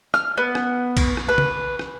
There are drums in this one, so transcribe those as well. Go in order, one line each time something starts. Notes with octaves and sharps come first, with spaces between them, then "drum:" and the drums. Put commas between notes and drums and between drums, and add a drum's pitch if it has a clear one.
F6, drum: rim click
B3
drum: rim click
drum: kick B1, cymbal
drum: rim click
B4
drum: tom
drum: rim click